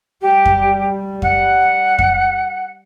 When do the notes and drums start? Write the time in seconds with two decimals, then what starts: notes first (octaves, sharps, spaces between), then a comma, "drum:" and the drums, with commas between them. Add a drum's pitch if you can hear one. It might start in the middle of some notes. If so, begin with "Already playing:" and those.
0.21 G3 G4
0.45 drum: kick F2
1.22 F#5, drum: kick F2
1.99 drum: kick F2